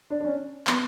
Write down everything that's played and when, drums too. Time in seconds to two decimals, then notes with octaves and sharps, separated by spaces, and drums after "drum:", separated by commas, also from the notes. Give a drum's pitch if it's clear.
0.10 D4
0.21 D4
0.25 C#4
0.67 B3, drum: clap